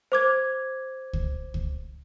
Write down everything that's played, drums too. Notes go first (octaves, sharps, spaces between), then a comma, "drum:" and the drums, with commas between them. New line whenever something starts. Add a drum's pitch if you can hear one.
C5 D6 G#6
drum: kick C#2
drum: kick C#2